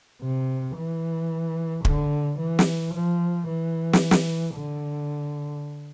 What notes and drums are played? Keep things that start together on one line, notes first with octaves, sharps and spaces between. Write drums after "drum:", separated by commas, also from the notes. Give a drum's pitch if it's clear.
C3
E3
D3, drum: kick
E3
drum: snare
F3
E3
drum: snare
drum: snare
D3